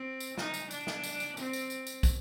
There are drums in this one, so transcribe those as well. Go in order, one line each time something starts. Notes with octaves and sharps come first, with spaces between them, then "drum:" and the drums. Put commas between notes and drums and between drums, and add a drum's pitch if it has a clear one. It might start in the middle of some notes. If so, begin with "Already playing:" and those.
Already playing: C4
drum: tambourine
D#4, drum: snare
drum: tambourine
D4, drum: tambourine
drum: snare
drum: tambourine
drum: tambourine
C4, drum: tambourine
drum: tambourine
drum: tambourine
drum: tambourine
drum: kick, tambourine